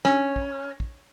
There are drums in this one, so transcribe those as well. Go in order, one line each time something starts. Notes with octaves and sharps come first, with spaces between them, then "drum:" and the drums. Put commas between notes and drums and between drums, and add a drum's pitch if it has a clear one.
C#4, drum: snare
drum: kick
drum: kick